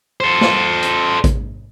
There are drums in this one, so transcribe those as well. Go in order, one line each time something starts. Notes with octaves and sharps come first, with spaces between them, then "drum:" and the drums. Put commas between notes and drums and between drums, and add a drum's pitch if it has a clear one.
A4 C5
drum: snare
drum: hi-hat
drum: kick A1, hi-hat